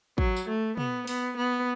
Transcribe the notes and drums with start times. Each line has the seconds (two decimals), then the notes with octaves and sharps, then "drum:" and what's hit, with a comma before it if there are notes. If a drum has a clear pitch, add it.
0.18 F#3, drum: kick
0.36 drum: tambourine
0.48 A3
0.77 B3, drum: tom
1.07 B3, drum: open hi-hat
1.37 B3